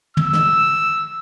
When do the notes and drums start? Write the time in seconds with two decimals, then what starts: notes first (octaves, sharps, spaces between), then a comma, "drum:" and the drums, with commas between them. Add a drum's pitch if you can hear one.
0.17 E6, drum: tom
0.33 drum: snare